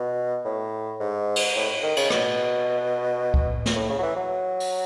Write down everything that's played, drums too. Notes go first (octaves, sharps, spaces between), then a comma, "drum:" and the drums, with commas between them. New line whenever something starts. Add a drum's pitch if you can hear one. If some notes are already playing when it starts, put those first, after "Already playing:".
Already playing: B2
A2
G#2
drum: cymbal
A2
D#3
C#3, drum: cymbal
B2, drum: rim click
drum: kick
drum: snare
A2
C#3
F#3
E3
F#3
drum: open hi-hat